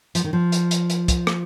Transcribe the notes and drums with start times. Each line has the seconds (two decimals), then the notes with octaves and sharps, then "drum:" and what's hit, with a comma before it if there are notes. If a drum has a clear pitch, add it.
0.15 F3, drum: hi-hat
0.24 D#3
0.33 F3
0.52 drum: hi-hat
0.71 drum: hi-hat
0.90 drum: hi-hat
1.08 drum: kick, hi-hat
1.27 drum: rim click